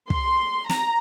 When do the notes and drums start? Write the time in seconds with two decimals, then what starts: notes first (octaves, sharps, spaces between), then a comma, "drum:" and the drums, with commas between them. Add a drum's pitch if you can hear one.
0.10 C6, drum: kick
0.69 A#5, drum: snare